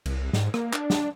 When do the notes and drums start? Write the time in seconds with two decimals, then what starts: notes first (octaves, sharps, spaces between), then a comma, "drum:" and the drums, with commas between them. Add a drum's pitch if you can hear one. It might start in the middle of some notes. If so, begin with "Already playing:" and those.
0.06 C2, drum: cymbal
0.33 G#2, drum: snare
0.54 A#3, drum: rim click
0.73 D4, drum: clap
0.90 drum: snare